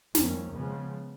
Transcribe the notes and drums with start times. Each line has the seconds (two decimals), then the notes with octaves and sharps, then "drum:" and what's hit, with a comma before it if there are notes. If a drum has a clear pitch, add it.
0.15 F2 D#3 A#3 C#4, drum: snare
0.54 C#3 F3 G#3 B3